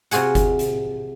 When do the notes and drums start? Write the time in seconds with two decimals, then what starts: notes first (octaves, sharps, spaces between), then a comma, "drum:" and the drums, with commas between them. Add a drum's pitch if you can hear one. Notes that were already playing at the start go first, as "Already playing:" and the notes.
0.11 C3 F4 F#4 G#4 F#5, drum: hi-hat
0.35 drum: kick F#1, hi-hat
0.59 drum: hi-hat